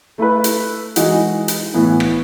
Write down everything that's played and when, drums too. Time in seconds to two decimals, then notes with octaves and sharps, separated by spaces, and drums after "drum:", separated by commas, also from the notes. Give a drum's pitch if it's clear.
0.18 A3 E4 B4
0.44 drum: hi-hat
0.96 E3 G#3 D#4 F#4, drum: hi-hat
1.48 drum: hi-hat
1.74 A2 E3 B3
2.00 drum: rim click